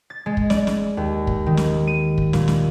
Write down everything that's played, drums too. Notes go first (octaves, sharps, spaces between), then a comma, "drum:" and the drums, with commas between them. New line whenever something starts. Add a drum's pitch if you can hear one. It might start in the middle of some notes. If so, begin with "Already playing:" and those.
A6
G#3
drum: kick
D5, drum: snare
drum: snare
D#2
drum: kick
D#3
drum: snare
D#7
drum: kick
A#2, drum: snare
drum: snare